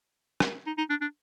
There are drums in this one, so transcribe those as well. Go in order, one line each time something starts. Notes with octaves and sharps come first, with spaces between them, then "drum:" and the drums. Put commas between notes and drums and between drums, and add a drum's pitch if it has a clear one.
drum: rim click
D#4
D#4
D4
D4